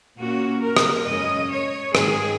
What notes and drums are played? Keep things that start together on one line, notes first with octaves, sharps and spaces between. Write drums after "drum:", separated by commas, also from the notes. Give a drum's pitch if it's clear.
A#2 A#3 C#4 F#4
A#4
drum: rim click
F#2 C#3 G#3 C#4 D#5
C#5
G#2 D#3 G#3 G#4, drum: rim click